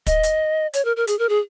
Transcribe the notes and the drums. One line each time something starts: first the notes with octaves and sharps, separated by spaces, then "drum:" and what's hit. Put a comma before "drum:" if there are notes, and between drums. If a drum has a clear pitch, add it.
D#5, drum: kick, hi-hat
drum: hi-hat
C#5, drum: hi-hat
A#4
A#4
G#4, drum: hi-hat
A#4
G#4